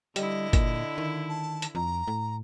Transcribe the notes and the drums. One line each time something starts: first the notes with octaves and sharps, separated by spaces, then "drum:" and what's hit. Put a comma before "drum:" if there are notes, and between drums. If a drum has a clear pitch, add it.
D3 G3 E4 D#5, drum: hi-hat
A#2, drum: kick, hi-hat
D#3
A5
drum: hi-hat
F2 A#5
A2